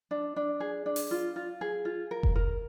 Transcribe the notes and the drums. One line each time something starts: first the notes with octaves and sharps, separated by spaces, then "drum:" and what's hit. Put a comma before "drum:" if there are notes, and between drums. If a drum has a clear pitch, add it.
D4
D4
G#4
D4
drum: open hi-hat
F4
F4
G#4
F4
A#4
drum: kick F1
A#4